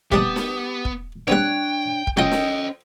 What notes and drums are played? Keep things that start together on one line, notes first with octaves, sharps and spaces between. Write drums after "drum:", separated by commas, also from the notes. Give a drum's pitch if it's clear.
C3 G3 B3 D4 G4 A5 D#6, drum: kick
drum: snare
drum: kick
G3 B3 C4 D4 C#5 G5 F#6
drum: kick
F#3 C#4 F4 A4 C5 D#5 G5
drum: snare